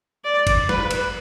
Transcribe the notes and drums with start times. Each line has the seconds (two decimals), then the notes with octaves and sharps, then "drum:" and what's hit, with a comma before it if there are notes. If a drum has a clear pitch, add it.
0.24 D5
0.47 drum: kick G1, cymbal
0.69 B4, drum: snare
0.91 drum: cymbal